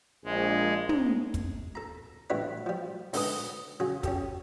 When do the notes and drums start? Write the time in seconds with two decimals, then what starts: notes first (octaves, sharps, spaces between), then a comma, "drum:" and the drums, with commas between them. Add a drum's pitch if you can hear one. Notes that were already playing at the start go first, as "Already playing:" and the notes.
0.25 A#1 G#3
0.89 drum: tom
1.34 drum: kick, hi-hat
1.75 A4 A#5
2.30 A2 E3 G3 D4 F#5 B5
2.66 F3 G3
3.13 G#2 D3 D4 A4 B4 D#6, drum: open hi-hat
3.80 C#3 F#3 G#4
4.03 C#4 G4 A4, drum: kick, hi-hat